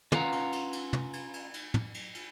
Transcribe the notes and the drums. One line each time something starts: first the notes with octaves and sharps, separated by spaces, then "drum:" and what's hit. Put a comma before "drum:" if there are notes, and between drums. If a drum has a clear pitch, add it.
C#4 F4 B4 F5 F#5 A#5, drum: tom
drum: cymbal
drum: cymbal
drum: cymbal
drum: tom
drum: cymbal
drum: cymbal
drum: cymbal
drum: tom
drum: cymbal
drum: cymbal